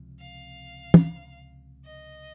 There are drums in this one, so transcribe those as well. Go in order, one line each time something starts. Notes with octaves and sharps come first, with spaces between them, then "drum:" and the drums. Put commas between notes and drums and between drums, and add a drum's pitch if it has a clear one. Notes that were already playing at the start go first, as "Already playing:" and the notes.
Already playing: C#2 C3 F3 C4
F5
drum: tom
D#5